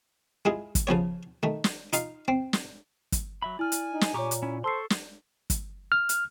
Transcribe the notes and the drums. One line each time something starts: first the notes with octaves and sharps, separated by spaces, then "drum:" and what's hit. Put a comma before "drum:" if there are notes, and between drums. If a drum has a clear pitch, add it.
G#3 E4 F4 G#4
drum: kick, hi-hat
C#3 F3 B3 C#5
D#3 A3
drum: snare
D#4 F4 F5, drum: hi-hat
C4
drum: snare
drum: kick, hi-hat
F#3 E5 B5
E4 D5 G#5 F6
drum: hi-hat
D#4
drum: snare
A#2 G4 C#5 A#5 C#6 D6
drum: hi-hat
C#4 E4
A4 C5 A5 C6 C#6 E6 C7
drum: snare
drum: kick, hi-hat
F6
drum: hi-hat